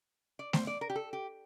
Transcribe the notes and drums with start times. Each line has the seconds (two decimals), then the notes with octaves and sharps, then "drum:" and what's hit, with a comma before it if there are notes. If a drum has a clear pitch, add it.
0.39 D5
0.53 C5, drum: snare A3
0.67 D5
0.81 A#4
0.90 G4
0.95 A4
1.13 G4